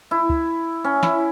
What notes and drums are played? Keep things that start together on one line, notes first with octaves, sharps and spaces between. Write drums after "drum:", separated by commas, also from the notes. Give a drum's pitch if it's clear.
E4
drum: kick
C#4
E4, drum: snare